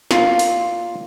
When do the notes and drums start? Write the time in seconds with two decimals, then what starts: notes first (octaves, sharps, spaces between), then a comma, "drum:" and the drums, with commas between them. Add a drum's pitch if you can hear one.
0.11 A#2 F4, drum: snare
0.39 drum: open hi-hat